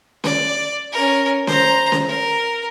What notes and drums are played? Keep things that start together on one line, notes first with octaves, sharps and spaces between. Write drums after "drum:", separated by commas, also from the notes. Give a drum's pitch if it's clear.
D5, drum: snare C#4
C#4 A#4
C5 A#5, drum: snare C#4
drum: snare C#4
A#4